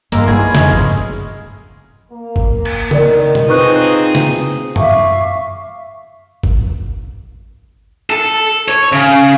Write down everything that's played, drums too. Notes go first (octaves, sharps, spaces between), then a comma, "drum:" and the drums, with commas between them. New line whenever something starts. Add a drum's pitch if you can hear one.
G2 G#3 A#3 F4 E5, drum: hi-hat
G3 B3 C#4 E4 G#4 G5
F2 F3 G#3 D#5 A#5, drum: snare C#3
G#1 F#2
A#3
drum: kick G1
drum: cymbal
D#3 A#4 D5, drum: tom C#3
drum: tom B2
C4 D#4 F4 G#4 B4 C#6 D#6 F#6
drum: snare C#3
E5 F5 C#6 D6, drum: tom F#2
drum: kick G1
A4
C#5
C#3